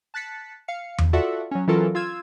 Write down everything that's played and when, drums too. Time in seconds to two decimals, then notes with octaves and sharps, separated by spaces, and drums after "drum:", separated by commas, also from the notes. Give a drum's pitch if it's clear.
0.14 A5 F#6 A6 B6 C#7
0.68 F5 C#7
0.98 drum: tom E2
1.13 F4 F#4 A4 D5 E5 F#5
1.51 F#3 C#4
1.68 E3 F#3 C#4 F4 A4 A#4
1.95 F4 E6 G#6 E7